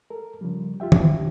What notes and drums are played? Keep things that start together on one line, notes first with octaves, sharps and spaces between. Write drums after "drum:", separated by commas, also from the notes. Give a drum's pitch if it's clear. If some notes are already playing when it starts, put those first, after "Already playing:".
A4 A#4
C#3 F3 G3
F4 G4 E5 G5
drum: tom